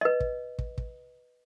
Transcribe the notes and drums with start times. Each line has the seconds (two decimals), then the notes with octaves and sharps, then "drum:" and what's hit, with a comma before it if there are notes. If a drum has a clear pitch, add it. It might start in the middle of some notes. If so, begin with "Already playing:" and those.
0.01 B4 D#5
0.20 drum: kick
0.59 drum: kick
0.78 drum: kick